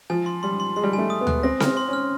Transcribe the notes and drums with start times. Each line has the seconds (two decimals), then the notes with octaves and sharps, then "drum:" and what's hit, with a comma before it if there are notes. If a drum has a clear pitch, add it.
0.10 F3 G#5
0.26 C6
0.43 G3 C6
0.60 C6
0.76 G#3 C6
0.84 G3
0.91 G#3 G#5
0.99 A3
1.10 D#6
1.21 B3
1.27 F#6, drum: tom D2
1.43 C4 A#6
1.60 F6, drum: snare C4
1.66 C4
1.77 C6
1.88 C#4 F6